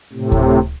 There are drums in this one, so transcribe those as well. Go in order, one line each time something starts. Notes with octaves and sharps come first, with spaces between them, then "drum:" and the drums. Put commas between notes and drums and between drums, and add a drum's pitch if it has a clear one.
A2 C3
drum: kick D2